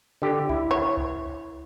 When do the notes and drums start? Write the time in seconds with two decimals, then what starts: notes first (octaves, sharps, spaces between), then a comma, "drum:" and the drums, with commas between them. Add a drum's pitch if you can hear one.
0.22 D3 G4
0.49 E4, drum: kick C2
0.71 C#5
0.97 drum: kick C2